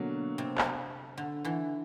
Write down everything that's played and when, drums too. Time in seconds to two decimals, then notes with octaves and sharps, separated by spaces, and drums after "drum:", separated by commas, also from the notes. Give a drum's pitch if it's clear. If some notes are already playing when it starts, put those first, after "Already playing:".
Already playing: B2 D3 F#3 A#3
0.38 C3
0.58 drum: clap
1.18 D3
1.44 D3 E3